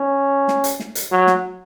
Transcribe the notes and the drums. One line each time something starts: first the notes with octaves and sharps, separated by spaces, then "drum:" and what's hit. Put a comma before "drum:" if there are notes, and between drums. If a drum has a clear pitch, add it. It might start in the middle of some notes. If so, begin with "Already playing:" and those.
Already playing: C#4
drum: snare
drum: hi-hat
drum: snare
drum: hi-hat
F#3
drum: snare